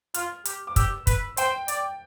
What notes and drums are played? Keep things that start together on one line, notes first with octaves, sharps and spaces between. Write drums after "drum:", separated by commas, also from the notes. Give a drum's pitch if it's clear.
F4 F6, drum: hi-hat
G4, drum: hi-hat
D6
G4 E6, drum: kick, hi-hat
B4, drum: kick, hi-hat
C5 G5, drum: hi-hat
D5, drum: hi-hat